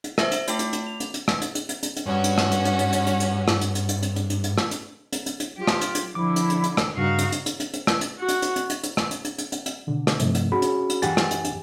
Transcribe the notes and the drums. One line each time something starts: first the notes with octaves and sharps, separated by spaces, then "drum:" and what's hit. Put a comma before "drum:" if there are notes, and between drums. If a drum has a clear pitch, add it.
drum: hi-hat
C5 E5 A#6, drum: rim click
drum: hi-hat
A3 F4 G5 D6, drum: hi-hat
drum: hi-hat
drum: hi-hat
F7
drum: hi-hat
drum: hi-hat
drum: rim click
drum: hi-hat
drum: hi-hat
drum: hi-hat
drum: hi-hat
drum: hi-hat
G2 C#4 F#4
drum: hi-hat
drum: rim click
drum: hi-hat
drum: hi-hat
drum: hi-hat
drum: hi-hat
drum: hi-hat
drum: hi-hat
drum: rim click
drum: hi-hat
drum: hi-hat
drum: hi-hat
drum: hi-hat
drum: hi-hat
drum: hi-hat
drum: hi-hat
drum: rim click
drum: hi-hat
drum: hi-hat
drum: hi-hat
drum: hi-hat
F#3 F4 G4
drum: rim click
drum: hi-hat
drum: hi-hat
D3 F3 E4 D6
drum: hi-hat
drum: hi-hat
drum: hi-hat
drum: rim click
G2 C#3 D#4 F#4 F5
drum: hi-hat
drum: hi-hat
drum: hi-hat
drum: hi-hat
drum: hi-hat
drum: rim click
drum: hi-hat
F#4
drum: hi-hat
drum: hi-hat
drum: hi-hat
drum: hi-hat
drum: hi-hat
drum: rim click
drum: hi-hat
drum: hi-hat
drum: hi-hat
drum: hi-hat
drum: hi-hat
B2 D3
drum: rim click
G2 C3 F3 A3 D#4, drum: hi-hat
drum: hi-hat
C#4 F#4 G#4 B5
drum: hi-hat
drum: hi-hat
F#2 E3 G4 F#5 G#5 A6, drum: hi-hat
drum: rim click
drum: hi-hat
drum: hi-hat